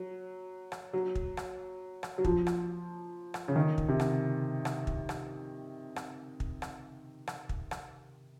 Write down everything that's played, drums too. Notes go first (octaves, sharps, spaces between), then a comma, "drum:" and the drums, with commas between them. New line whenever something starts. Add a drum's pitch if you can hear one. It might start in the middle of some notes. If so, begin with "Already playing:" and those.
Already playing: F#3
drum: rim click
F#3
drum: kick
drum: rim click
drum: rim click
F#3
F3, drum: kick
drum: rim click
drum: rim click
C#3
D#3
drum: kick
C3
drum: rim click
drum: rim click
drum: kick
drum: rim click
drum: rim click
drum: kick
drum: rim click
drum: rim click
drum: kick
drum: rim click